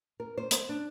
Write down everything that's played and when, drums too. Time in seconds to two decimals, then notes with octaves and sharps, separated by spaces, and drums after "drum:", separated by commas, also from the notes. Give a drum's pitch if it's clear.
0.20 A#4
0.38 C5
0.51 drum: hi-hat
0.69 D4